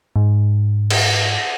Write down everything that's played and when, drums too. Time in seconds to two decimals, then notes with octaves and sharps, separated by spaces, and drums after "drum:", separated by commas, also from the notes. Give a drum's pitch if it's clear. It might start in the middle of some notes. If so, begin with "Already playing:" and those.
0.16 G#2
0.90 drum: cymbal